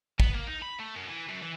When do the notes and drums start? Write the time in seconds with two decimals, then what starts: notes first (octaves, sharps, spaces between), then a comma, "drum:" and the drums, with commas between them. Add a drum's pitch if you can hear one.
0.20 B3, drum: kick
0.35 A#3
0.48 D#4
0.63 B5
0.79 A3
0.95 F#2
1.08 E3
1.29 F#2
1.43 E3